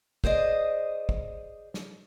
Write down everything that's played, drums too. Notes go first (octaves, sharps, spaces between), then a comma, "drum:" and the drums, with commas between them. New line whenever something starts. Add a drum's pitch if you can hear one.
G#4 C5 D5 D#5, drum: kick
drum: kick
drum: snare